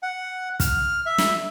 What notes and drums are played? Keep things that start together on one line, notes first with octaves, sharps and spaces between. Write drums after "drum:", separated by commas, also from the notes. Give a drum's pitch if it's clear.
F#5
F6, drum: kick, hi-hat
E5
drum: snare